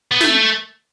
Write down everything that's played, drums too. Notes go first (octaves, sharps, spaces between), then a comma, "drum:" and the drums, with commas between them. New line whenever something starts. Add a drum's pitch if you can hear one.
B3
A3, drum: snare